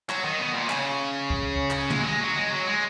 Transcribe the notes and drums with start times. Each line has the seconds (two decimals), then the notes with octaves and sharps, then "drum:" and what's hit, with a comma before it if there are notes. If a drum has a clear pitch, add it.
0.09 F#3, drum: clap
0.24 D#3
0.40 B2
0.54 A#2
0.70 C#3, drum: clap
1.30 drum: kick
1.71 drum: clap
1.90 G#3, drum: tom
1.99 F#3
2.07 G#3
2.21 F#3
2.36 G#3
2.51 F#3
2.67 G#3